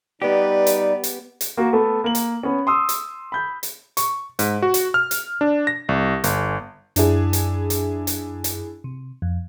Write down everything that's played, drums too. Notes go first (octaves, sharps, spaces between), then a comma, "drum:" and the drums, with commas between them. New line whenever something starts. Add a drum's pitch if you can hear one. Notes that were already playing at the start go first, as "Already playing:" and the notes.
G3 B3 D#4 G4 B4 D5
drum: hi-hat
drum: hi-hat
drum: hi-hat
A#3 F#4
A3 B3 A4
A#3 F#7
drum: hi-hat
B3 C#4
C6 D#6 E6
drum: hi-hat
B5 G6
drum: hi-hat
C#6, drum: hi-hat
G#2, drum: hi-hat
F#4
drum: hi-hat
F6
drum: hi-hat
D4
A#6
C2
G1, drum: hi-hat
F#2 D4 E4 G#4, drum: hi-hat
drum: hi-hat
drum: hi-hat
drum: hi-hat
drum: hi-hat
C3
F2